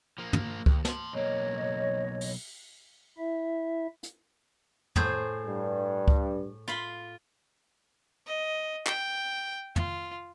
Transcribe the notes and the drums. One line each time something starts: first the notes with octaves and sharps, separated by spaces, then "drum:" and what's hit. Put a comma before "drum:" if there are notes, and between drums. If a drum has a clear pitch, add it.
F3 A#3
drum: tom
D#2, drum: kick C#2
A5 C6, drum: snare
B1 A#3 C#5 D#5
drum: open hi-hat
E4 E5
drum: hi-hat
A2 G#4 C5, drum: tom
G2
drum: kick C#2
F4 B5 C6
D#5
G5, drum: clap
F4, drum: tom